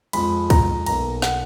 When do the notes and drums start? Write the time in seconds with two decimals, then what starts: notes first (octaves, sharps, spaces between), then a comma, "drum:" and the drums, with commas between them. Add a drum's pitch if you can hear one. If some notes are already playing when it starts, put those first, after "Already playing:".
0.13 F2 F3 G#3 B5, drum: cymbal
0.50 A#5, drum: kick, cymbal
0.86 B1 B2 A#3 A#5, drum: cymbal
1.22 F#5, drum: snare